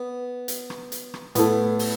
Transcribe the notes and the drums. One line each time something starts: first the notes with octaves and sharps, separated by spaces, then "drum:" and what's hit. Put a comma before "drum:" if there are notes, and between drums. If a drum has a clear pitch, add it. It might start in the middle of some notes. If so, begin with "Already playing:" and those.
Already playing: B3
drum: hi-hat
drum: rim click
drum: hi-hat
drum: rim click
A2 A3 B3 E4 A4, drum: hi-hat
drum: open hi-hat